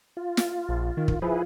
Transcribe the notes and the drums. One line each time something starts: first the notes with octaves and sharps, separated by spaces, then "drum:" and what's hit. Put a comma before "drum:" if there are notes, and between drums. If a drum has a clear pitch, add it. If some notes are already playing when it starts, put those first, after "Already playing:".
F4
drum: snare
A#1
D#3
drum: kick
F3 E4 G#4 B4